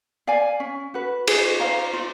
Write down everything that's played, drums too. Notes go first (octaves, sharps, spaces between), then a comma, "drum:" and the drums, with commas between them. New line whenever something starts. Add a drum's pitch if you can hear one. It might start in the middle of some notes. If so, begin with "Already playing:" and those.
D5 F5 G#5
C#4
F#4 B4
G#4, drum: cymbal
C5 F5 A#5
F4